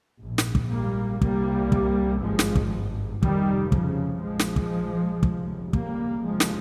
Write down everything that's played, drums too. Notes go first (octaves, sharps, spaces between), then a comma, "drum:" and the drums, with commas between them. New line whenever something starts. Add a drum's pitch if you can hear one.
A#1 G#2
drum: snare
drum: kick
G3 A#3
C2 C3 G3 A#3, drum: kick
drum: kick
G#1 G2 F3 G#3
drum: snare
drum: kick
F1 F2 C3 D#3 G3, drum: kick
C#3 F3, drum: kick
A#1 A#2 F3 G#3
drum: snare
drum: kick
F1 D#2 C#3, drum: kick
G3 A#3, drum: kick
F1 D#2 C#3 F3 G#3
drum: snare